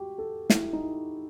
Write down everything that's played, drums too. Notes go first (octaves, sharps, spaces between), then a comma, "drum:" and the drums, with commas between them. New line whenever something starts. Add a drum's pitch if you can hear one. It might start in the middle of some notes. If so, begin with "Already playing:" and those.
Already playing: F#4 G4
A4
E4, drum: snare
D#4